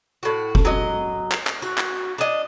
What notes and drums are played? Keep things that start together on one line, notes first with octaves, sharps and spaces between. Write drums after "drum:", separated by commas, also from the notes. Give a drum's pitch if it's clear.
A2 F#4
drum: kick F1
F#3 D#5
drum: clap
drum: clap
F#4
drum: clap
D4 D#5